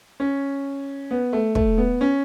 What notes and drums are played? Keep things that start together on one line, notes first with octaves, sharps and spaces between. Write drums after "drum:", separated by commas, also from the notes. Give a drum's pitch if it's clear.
C#4
B3
A3
A3, drum: kick
B3
C#4